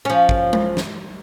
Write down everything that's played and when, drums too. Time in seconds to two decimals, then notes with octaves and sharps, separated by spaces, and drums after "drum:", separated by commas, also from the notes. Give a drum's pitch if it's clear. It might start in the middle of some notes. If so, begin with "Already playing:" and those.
0.05 F3 C#4
0.29 drum: kick
0.53 drum: tom G#3
0.77 drum: snare